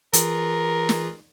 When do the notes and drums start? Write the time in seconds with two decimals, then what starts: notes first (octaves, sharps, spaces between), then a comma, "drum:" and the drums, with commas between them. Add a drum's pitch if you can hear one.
0.13 E3 F4 G#4 A#4, drum: hi-hat
0.89 drum: snare